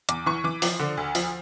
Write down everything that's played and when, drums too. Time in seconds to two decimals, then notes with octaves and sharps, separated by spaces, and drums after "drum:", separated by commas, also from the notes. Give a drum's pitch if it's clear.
0.09 E2 D6, drum: hi-hat
0.26 E3 C#6
0.44 E3 D6
0.62 F3, drum: open hi-hat
0.80 D3
0.97 D2
1.15 F3, drum: open hi-hat